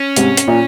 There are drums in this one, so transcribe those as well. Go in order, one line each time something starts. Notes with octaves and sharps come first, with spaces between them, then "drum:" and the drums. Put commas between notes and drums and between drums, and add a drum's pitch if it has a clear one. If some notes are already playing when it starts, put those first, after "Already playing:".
Already playing: C#4
G#2 C3, drum: hi-hat
drum: hi-hat
A#2